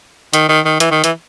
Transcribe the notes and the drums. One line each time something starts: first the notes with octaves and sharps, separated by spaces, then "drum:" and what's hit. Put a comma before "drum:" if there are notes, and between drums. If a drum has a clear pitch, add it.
D#3, drum: hi-hat
D#3
D#3
E3, drum: hi-hat
D#3
E3, drum: hi-hat